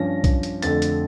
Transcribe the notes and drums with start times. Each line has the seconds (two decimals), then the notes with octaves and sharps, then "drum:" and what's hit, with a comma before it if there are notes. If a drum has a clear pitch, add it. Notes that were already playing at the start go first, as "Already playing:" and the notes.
Already playing: G2 F3 C#4 A#6
0.24 drum: kick, hi-hat
0.43 drum: hi-hat
0.62 F2 D3 A3 A6, drum: hi-hat
0.82 drum: hi-hat